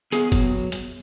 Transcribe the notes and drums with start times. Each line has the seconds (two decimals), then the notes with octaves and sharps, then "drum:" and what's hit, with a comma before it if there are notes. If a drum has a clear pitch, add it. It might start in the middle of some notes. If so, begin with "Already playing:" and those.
0.12 B3 G#4, drum: hi-hat
0.32 F#3, drum: kick F#1, hi-hat
0.72 drum: hi-hat